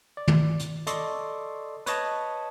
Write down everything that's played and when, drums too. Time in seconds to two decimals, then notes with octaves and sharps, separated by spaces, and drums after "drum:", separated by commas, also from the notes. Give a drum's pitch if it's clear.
0.17 D5
0.28 drum: tom
0.59 drum: hi-hat
0.87 A4 D5 D#5 C6 C#6, drum: hi-hat
1.86 B4 C#5 D#5 A5, drum: hi-hat